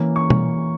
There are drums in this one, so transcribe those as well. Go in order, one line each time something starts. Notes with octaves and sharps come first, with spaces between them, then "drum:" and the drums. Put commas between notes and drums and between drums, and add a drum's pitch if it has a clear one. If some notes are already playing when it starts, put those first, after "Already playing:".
Already playing: E3 A#3 C#4
C#6
drum: tom B2